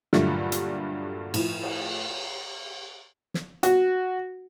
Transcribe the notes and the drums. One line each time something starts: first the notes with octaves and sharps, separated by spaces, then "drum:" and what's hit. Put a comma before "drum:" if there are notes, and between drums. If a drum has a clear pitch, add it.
G2 A#2 D3 F#3 G3 A3, drum: snare
drum: hi-hat
A2 F3, drum: cymbal
drum: cymbal
drum: snare
F#4, drum: hi-hat